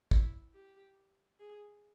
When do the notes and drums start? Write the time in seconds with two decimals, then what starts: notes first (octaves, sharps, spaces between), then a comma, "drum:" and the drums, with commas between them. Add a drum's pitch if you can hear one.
0.11 E4, drum: kick
0.54 G4
1.39 G#4